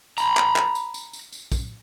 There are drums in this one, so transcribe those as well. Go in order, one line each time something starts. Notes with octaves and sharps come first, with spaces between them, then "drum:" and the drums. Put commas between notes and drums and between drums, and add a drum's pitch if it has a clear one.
A#5 B5, drum: tambourine
drum: clap
drum: clap
drum: tambourine
drum: tambourine
drum: tambourine
drum: tambourine
drum: kick, tambourine